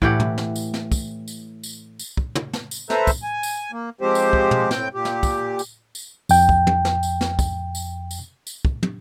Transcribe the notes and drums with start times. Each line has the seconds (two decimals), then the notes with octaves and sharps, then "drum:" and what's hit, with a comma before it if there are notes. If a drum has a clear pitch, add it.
0.02 A2 E3 G4 F#5, drum: kick
0.20 drum: tom
0.38 drum: snare
0.56 drum: tambourine
0.74 drum: snare
0.92 drum: kick, tambourine
1.28 drum: tambourine
1.63 drum: tambourine
1.99 drum: tambourine
2.17 drum: kick
2.35 drum: tom
2.53 drum: snare
2.71 drum: tambourine
2.90 A4 B4 C5 E5 A#5, drum: snare
3.07 drum: kick, tambourine
3.23 G#5
3.43 drum: tambourine
3.72 A#3
4.01 F3 G#3 C4 G4 C5
4.15 drum: tambourine
4.33 drum: kick
4.51 drum: tom
4.71 A2 C4 G5 G6, drum: snare
4.94 A#2 G4
5.05 drum: snare
5.23 drum: kick, tambourine
5.59 drum: tambourine
5.95 drum: tambourine
6.29 F2 G5, drum: tambourine
6.49 drum: kick
6.67 drum: tom
6.85 drum: snare
7.03 drum: tambourine
7.21 drum: snare
7.39 drum: kick, tambourine
7.75 drum: tambourine
8.11 drum: tambourine
8.47 drum: tambourine
8.65 drum: kick
8.83 drum: tom